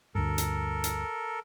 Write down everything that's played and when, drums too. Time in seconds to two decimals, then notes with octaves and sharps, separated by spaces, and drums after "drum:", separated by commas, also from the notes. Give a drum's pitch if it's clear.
0.15 D2 G2 A4 A#4
0.38 drum: hi-hat
0.84 drum: hi-hat